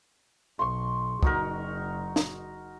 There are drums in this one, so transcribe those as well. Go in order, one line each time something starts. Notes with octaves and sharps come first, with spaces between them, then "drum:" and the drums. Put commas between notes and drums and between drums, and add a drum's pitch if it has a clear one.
B1 C6 C#6
F#1 D#4 F#4 A#4, drum: kick
drum: snare